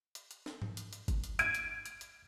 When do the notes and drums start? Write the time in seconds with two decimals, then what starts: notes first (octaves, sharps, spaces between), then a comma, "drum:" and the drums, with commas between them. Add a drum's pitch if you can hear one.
0.15 drum: hi-hat
0.31 drum: hi-hat
0.46 drum: snare D4
0.62 drum: tom
0.77 drum: hi-hat
0.93 drum: hi-hat
1.08 drum: kick G1, hi-hat
1.24 drum: hi-hat
1.39 G#6 D7 D#7, drum: hi-hat
1.55 drum: hi-hat
1.86 drum: hi-hat
2.01 drum: hi-hat